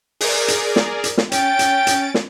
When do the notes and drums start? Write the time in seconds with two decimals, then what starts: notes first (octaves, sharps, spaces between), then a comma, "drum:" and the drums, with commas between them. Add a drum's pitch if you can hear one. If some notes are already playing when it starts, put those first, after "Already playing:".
0.21 G#4 A#4 D5, drum: open hi-hat
0.48 drum: hi-hat
0.76 drum: snare
1.04 drum: hi-hat
1.17 drum: snare
1.32 C#4 G5 A6 D7, drum: hi-hat
1.59 drum: hi-hat
1.87 drum: hi-hat
2.14 drum: snare